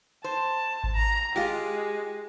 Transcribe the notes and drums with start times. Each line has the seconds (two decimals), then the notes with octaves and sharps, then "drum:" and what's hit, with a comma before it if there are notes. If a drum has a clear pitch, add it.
0.24 C5 A5
0.84 drum: kick G#1
0.96 A#5
1.36 G#3 F4 G4, drum: cymbal